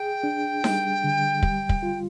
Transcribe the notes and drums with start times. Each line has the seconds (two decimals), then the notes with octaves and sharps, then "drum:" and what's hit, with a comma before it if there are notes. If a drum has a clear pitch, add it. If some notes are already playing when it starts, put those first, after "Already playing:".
Already playing: G#4 G5
0.23 D4
0.64 G3, drum: snare D#4
1.04 D3
1.42 G3, drum: kick
1.69 drum: kick
1.83 F4